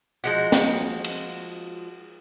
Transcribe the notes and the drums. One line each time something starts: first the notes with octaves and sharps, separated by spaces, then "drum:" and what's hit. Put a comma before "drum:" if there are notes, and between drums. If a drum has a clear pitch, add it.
F3 G#3 F#4
drum: snare
drum: cymbal